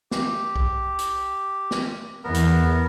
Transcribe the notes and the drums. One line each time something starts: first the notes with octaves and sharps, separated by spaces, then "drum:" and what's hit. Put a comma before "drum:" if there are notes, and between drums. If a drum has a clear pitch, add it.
G4, drum: snare
drum: kick
drum: hi-hat
drum: snare
E2 B3 A#4
drum: hi-hat